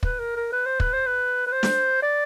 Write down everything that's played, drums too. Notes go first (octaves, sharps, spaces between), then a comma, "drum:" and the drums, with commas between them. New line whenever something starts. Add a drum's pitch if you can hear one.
B4, drum: kick
A#4
A#4
B4
C5
B4, drum: kick
C5
B4
B4
C5
drum: snare
D5